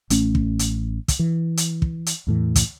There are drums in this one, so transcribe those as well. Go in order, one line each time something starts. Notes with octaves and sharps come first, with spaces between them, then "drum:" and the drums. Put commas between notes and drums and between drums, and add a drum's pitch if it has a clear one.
A1 A3 C#4, drum: hi-hat
drum: kick
drum: hi-hat
drum: kick, hi-hat
E3
drum: hi-hat
drum: kick
drum: hi-hat
E2 A2 E3
drum: kick, hi-hat